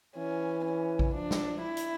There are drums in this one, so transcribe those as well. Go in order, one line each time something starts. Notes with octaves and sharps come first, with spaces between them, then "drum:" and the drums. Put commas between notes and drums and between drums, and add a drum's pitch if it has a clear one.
E3 C#4
C#4
drum: kick A#1
F3 D4
drum: snare
E4
drum: hi-hat